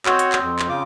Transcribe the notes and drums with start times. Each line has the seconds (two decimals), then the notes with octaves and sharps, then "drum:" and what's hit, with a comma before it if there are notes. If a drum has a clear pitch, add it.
0.06 C4 F#4 C#5 D#5 G5, drum: clap
0.19 drum: hi-hat
0.32 drum: clap
0.42 F2
0.59 drum: clap
0.69 C#3 F4 D6